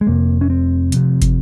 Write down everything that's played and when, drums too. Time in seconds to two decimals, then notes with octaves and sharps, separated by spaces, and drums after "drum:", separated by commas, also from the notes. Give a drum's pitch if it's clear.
0.01 G#3
0.06 F1 F2 C3 A#3
0.41 C#4
0.50 C4
0.92 F1 F2 C3, drum: hi-hat
1.22 drum: kick, hi-hat